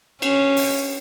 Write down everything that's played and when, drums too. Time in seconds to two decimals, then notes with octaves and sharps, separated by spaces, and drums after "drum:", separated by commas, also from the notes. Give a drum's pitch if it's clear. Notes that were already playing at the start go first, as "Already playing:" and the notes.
0.22 C#4, drum: cymbal
0.57 drum: open hi-hat